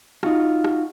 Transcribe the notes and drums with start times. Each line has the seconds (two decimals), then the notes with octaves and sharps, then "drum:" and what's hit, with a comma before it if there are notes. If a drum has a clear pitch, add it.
0.23 D#4 F4 F#4, drum: rim click
0.64 drum: rim click